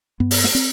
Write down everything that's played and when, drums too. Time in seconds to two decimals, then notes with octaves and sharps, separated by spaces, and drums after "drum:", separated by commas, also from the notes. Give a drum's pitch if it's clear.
0.20 G2 B3
0.31 drum: open hi-hat
0.44 drum: snare
0.55 C4